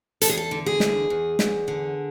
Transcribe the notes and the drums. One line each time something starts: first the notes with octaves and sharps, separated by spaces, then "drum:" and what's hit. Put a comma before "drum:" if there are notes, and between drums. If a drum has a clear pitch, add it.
E2 A4, drum: hi-hat
G#4
A4
D3
G#4
E2, drum: snare
E2
E2, drum: snare
D3